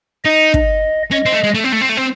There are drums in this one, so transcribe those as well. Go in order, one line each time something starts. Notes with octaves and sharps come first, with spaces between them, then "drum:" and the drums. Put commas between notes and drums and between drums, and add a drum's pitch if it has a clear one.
D#4 D#5
drum: kick
C#4 D#5
C4
A3
G#3
A3
C4
A3
C4
A3
C4